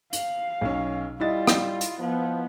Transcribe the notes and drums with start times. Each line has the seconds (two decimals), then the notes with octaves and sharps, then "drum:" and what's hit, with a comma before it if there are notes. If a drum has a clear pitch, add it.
0.13 F5 F#7, drum: hi-hat
0.61 B1 C#4
1.20 G3 E4 F4 D#5 A6
1.47 drum: rim click
1.81 drum: hi-hat
2.00 F3 B3